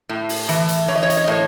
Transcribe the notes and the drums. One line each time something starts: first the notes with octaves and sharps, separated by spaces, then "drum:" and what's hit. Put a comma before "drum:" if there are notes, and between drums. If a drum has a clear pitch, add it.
A2
drum: open hi-hat
E3, drum: hi-hat
drum: hi-hat
E3 C#5
D#5
C#5
D#5, drum: hi-hat
C#5
D#5
A2 C#5